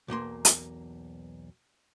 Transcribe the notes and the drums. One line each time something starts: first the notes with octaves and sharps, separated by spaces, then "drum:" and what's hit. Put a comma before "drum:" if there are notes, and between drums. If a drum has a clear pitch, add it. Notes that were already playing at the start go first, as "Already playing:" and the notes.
B1 E2 A#3 C6
drum: hi-hat